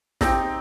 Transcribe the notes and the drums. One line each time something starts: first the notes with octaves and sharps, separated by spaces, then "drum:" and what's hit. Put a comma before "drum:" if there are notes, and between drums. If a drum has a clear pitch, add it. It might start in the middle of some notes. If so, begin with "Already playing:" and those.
C4 D#4 G4, drum: snare